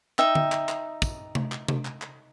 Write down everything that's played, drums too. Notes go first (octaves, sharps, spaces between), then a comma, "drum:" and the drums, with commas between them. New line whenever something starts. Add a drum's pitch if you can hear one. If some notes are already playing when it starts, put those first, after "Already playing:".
D#4 E5 G5, drum: clap
drum: tom D3
drum: clap
drum: clap
drum: kick, tambourine
drum: tom C3
drum: clap
drum: tom C3
drum: clap
drum: clap